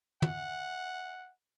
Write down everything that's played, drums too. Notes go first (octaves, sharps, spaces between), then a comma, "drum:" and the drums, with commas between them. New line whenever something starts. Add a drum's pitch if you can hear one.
F#5, drum: tom